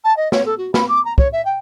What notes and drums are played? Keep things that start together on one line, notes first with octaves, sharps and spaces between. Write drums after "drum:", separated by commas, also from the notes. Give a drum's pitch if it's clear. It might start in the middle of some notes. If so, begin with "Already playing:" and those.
A5
D#5
C#5, drum: snare
A4
F#4
B5, drum: snare
D6
A#5
C#5, drum: kick
E5
G5